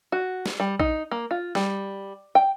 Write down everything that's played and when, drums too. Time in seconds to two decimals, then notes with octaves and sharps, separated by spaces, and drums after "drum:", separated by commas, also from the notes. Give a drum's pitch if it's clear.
0.12 F#4
0.46 drum: snare
0.60 G3
0.80 D#4, drum: kick A#1
1.11 A#3
1.31 F4
1.55 G3, drum: snare
2.35 G5